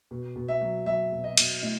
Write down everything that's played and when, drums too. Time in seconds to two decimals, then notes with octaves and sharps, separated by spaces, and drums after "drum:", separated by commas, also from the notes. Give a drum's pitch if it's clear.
0.11 B2
0.36 B2
0.48 E5
0.61 F#3
0.86 F#3 E5
1.12 B2
1.24 D#5
1.37 B2, drum: cymbal
1.62 A2 D#5